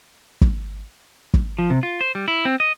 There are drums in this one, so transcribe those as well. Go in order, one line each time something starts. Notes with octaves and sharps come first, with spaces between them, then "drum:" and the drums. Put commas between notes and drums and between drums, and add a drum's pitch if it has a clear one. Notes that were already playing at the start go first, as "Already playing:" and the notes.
drum: kick
drum: kick
F3
C3
F4
C5
G3
E4
C4
D#5